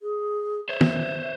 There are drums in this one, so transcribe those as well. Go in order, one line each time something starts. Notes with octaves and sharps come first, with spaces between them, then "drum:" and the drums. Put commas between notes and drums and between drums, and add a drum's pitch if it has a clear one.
G#4
C5 C#5 E5
drum: tom